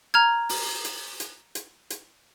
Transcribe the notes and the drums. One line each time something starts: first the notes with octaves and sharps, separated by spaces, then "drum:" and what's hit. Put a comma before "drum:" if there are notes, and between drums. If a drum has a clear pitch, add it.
A#5 F6 G#6
drum: open hi-hat
drum: hi-hat
drum: hi-hat
drum: hi-hat
drum: hi-hat